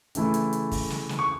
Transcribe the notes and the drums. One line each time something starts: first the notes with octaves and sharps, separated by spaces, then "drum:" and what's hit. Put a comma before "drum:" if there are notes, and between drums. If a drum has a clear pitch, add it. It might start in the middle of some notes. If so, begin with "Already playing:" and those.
C#3 E3 A3 E4, drum: hi-hat
drum: hi-hat
drum: hi-hat
drum: kick, open hi-hat
drum: snare
drum: snare
C#6